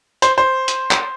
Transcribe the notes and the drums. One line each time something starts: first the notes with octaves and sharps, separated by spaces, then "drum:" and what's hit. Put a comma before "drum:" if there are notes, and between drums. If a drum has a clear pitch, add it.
C5, drum: hi-hat
C5
drum: hi-hat
drum: clap